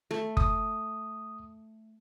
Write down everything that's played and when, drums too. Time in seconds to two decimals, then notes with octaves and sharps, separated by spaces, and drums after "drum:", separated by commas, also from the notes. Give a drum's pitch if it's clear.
0.11 A3
0.37 D#6, drum: kick F#1